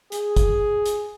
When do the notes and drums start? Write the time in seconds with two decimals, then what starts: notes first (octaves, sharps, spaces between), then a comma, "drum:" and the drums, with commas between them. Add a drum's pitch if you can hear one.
0.12 G#4, drum: hi-hat
0.37 drum: kick, hi-hat
0.86 drum: hi-hat